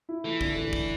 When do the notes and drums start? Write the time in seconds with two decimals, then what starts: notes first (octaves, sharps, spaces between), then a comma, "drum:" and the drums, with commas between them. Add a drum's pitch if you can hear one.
0.09 E4
0.24 E3 A3
0.41 D3, drum: kick
0.56 D3
0.73 drum: kick